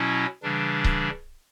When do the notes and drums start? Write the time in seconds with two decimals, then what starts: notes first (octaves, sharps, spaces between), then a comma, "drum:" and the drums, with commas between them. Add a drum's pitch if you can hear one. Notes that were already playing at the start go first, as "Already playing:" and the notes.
Already playing: B2 F#3 C#4 E4
0.43 C#3 E3 G3 D4
0.84 drum: kick C#1